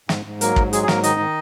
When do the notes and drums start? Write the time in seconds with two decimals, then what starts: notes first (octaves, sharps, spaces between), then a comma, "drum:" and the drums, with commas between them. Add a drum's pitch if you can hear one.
0.09 G#2, drum: snare
0.26 G#2
0.41 F#3 A#3 A#4, drum: hi-hat
0.56 G#2, drum: kick
0.73 F#3 G#3 G#4, drum: hi-hat
0.83 G#4
0.88 G#2 A#3 A#4, drum: snare
1.03 D#3 D#4 D#5, drum: hi-hat
1.20 D#3